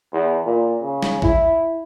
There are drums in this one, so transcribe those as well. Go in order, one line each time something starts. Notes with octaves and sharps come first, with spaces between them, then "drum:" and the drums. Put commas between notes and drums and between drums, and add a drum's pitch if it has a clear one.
E2
A#2
C#3
drum: snare
E4, drum: kick